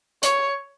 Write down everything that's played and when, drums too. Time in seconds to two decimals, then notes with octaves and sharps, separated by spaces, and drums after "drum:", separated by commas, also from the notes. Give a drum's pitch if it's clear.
0.23 C#5, drum: hi-hat